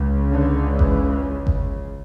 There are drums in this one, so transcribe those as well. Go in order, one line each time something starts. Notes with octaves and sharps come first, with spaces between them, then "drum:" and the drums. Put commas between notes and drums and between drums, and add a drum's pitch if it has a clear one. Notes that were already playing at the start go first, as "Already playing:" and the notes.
Already playing: C#2 C#3
D3
E3, drum: kick G1
drum: kick G1